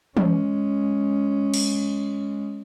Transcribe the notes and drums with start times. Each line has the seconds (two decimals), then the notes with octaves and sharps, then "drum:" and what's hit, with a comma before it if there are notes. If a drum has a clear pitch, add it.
0.17 G#3 C#4, drum: tom E3
1.54 drum: cymbal